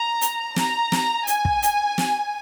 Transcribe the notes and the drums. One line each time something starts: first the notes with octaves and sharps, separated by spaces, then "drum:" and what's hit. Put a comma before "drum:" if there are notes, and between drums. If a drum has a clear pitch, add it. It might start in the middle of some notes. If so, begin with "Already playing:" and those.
Already playing: A#5
drum: hi-hat
A#5, drum: snare
drum: snare
G#5, drum: hi-hat
drum: kick
drum: hi-hat
drum: snare